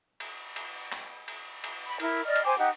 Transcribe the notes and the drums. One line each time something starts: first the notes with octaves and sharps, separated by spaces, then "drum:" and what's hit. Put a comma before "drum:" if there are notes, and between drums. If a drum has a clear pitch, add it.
drum: cymbal
drum: cymbal
drum: clap
drum: cymbal
drum: cymbal
B5
E4 A#4, drum: cymbal
D5 D#5 F6
drum: cymbal
C5 G5 G#5 D6
D#4 G4 F#5